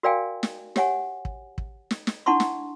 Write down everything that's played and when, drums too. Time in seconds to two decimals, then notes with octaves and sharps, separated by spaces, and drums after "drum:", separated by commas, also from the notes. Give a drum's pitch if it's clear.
0.03 F#4 A#4 D5 F5 G5 G#5
0.43 drum: snare
0.76 G4 C#5 F#5 G#5, drum: snare
1.25 drum: kick
1.58 drum: kick
1.91 drum: snare
2.07 drum: snare
2.26 D4 E4 F#5 A5 C6 C#6
2.40 drum: snare